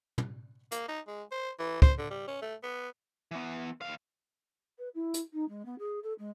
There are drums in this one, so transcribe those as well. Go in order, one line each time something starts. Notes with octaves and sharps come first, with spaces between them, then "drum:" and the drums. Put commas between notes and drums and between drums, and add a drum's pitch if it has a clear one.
drum: tom
A#3, drum: hi-hat
D#4
G#3
C5
E3
C5, drum: kick
D3
G3
C#4
A3
B3
E3 B3
D#2 F5
B4
E4
drum: hi-hat
D#4
G#3
B3
G#4
A4
G#3